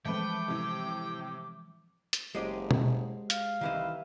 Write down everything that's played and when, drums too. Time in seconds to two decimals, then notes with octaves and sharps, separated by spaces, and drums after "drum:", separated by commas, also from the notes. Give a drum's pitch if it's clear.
0.06 E3 F3 G#3 A3 C4 B4 G5 D6
0.48 A2 C3
2.13 drum: hi-hat
2.35 F#1 G#3 F#4 G4 C5 D5 D#5
2.71 drum: tom B2
3.30 F5, drum: hi-hat
3.61 C2 D#3 E3 D#4 G4 B4 E5